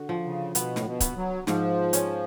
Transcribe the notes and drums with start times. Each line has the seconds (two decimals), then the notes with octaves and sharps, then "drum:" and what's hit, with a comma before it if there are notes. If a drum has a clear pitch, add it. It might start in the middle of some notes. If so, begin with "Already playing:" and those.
Already playing: D3 F#4
0.09 F3
0.25 C#3
0.55 B2 B3, drum: hi-hat
0.76 A2, drum: snare
0.86 B2
1.00 B3, drum: kick C#1, hi-hat
1.16 F#3
1.47 G#2 F3, drum: snare
1.93 C#4, drum: hi-hat